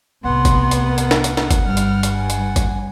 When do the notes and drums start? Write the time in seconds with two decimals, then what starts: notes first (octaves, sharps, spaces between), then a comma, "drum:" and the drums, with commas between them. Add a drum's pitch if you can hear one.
0.25 C2 A2 C3 B3 F#5 C6
0.45 drum: kick, hi-hat
0.71 drum: hi-hat
0.88 A#4
0.98 drum: hi-hat
1.11 drum: snare
1.24 drum: hi-hat
1.37 drum: snare
1.51 drum: kick, hi-hat
1.66 G1 G2 G3 F6
1.77 drum: hi-hat
2.03 drum: hi-hat
2.16 G#5
2.30 drum: hi-hat
2.56 drum: kick, hi-hat